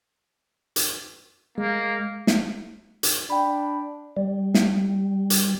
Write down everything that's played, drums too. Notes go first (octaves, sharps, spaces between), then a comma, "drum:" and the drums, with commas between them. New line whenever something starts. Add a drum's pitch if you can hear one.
drum: hi-hat
G#3 A#3
drum: snare
drum: hi-hat
D4 G5 B5
G3
drum: snare
drum: hi-hat